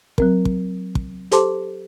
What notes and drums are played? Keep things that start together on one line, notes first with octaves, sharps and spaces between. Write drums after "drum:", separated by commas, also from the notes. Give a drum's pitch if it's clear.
F#3 C4 A#4, drum: kick
drum: kick
drum: kick
G4 A4 C5 A5 C6 D6, drum: hi-hat